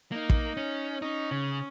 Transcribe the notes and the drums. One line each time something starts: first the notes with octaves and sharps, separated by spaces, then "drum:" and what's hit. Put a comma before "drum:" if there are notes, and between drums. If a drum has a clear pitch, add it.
A#3 D#4
drum: kick
C#4
C#4 D#4
C#3